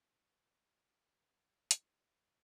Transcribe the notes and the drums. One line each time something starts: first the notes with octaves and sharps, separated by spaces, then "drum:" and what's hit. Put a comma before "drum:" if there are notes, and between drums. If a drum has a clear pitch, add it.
A#2 C#3 C6
E4 F#4, drum: hi-hat